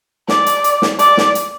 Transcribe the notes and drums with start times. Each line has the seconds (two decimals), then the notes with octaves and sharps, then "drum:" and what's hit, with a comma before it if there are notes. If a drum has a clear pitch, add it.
0.28 D5, drum: snare
0.46 drum: hi-hat
0.64 drum: hi-hat
0.82 drum: snare
0.99 D5, drum: hi-hat
1.17 drum: snare
1.35 drum: hi-hat